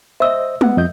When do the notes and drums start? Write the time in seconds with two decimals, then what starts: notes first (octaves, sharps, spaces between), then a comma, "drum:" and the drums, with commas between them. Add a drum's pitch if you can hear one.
0.20 C5 D#5 E5 E6
0.61 B3 F#5, drum: tom
0.77 F2 D#5 G6